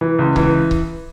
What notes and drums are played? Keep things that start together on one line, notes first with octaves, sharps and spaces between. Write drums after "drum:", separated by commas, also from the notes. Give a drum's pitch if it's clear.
E3
C#2
E3, drum: kick C#1
drum: kick C#1